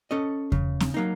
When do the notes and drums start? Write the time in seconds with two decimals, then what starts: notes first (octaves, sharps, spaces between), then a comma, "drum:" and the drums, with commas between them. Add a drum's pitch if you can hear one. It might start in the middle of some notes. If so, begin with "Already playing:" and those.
0.11 C#4 A4 D#5
0.52 C#3, drum: kick E2
0.80 drum: snare C4
0.94 F#3 A#3 D#4